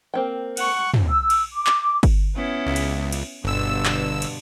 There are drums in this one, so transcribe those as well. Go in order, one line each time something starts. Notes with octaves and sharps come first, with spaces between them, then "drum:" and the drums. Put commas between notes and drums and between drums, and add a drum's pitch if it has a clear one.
A#3 C4 G5
F#5 C#6, drum: cymbal
drum: tom
E6
drum: cymbal
D6
drum: clap
drum: kick G1, cymbal
B3 C#4 E4
C#2
drum: cymbal
drum: cymbal
G1 G2 B2 D3 E6
drum: clap
drum: cymbal